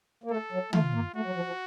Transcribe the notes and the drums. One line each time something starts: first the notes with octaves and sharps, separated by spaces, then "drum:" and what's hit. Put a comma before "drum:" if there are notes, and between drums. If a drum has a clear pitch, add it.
A#3
A3 A4
F#3
A3 F4, drum: tom
A#3
A3 F#4
F#3
F3
F3